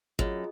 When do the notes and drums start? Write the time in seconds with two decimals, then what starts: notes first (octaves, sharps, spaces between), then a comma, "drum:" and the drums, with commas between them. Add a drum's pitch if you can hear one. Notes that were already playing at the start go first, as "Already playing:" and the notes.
0.19 F#2 F4 G#4 D#5, drum: kick G#1